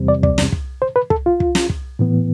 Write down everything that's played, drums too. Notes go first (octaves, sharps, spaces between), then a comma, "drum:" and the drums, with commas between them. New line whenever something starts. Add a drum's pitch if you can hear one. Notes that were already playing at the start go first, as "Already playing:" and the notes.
Already playing: E2 C3 G3 C4
D5
D5, drum: kick
drum: snare
drum: kick
C5
B4
A4, drum: kick
F4
drum: kick
drum: snare
drum: kick
A2 E3 B3